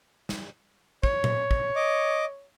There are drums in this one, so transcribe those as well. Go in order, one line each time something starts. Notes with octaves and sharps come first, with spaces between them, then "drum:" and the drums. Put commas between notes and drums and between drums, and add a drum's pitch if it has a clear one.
drum: snare
C#5, drum: kick
drum: tom A#2
drum: kick
D#5 D6